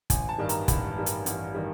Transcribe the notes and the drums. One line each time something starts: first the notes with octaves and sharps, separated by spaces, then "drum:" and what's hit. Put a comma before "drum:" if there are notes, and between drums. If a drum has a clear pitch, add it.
A1 G#5, drum: kick, hi-hat
A5
G2 D#3 G3
A#5, drum: hi-hat
A1 B5, drum: kick, hi-hat
G2 D#3 G3
drum: hi-hat
A1, drum: hi-hat
D#3 G3